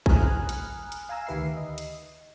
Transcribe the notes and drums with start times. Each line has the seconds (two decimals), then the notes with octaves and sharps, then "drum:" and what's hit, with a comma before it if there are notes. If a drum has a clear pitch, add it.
0.06 G#5 A#5 B5 D#6 F6 F#6, drum: kick
0.49 drum: hi-hat
0.92 drum: hi-hat
1.09 F5 G#5 A#5 E6
1.27 D2 D#3 G4 B4 E5 C7
1.57 D#5
1.78 drum: hi-hat